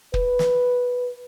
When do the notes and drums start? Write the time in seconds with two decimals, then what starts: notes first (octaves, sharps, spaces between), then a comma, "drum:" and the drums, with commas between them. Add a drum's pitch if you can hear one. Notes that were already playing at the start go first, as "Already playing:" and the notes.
0.14 B4, drum: kick
0.39 drum: snare